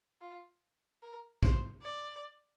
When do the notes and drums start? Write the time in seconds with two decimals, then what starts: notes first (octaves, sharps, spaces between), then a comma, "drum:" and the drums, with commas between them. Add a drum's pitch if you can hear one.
0.21 F4
1.02 A#4
1.43 C5, drum: kick A#1
1.83 D5